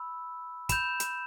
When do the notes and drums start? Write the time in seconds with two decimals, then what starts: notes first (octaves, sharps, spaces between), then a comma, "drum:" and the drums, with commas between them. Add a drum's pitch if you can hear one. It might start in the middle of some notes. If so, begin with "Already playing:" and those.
Already playing: B5 E6
0.69 B5 G6 E7, drum: kick, hi-hat
1.00 drum: hi-hat